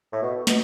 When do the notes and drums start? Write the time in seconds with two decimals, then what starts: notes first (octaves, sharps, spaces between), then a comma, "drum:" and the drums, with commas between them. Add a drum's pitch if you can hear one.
0.12 A2
0.22 B2
0.47 B2, drum: snare